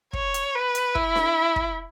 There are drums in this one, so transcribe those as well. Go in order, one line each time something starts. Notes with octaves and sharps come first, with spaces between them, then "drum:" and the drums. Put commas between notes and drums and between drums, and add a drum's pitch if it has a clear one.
C#5, drum: kick
drum: hi-hat
B4
drum: hi-hat
E4, drum: kick
drum: snare D4
drum: kick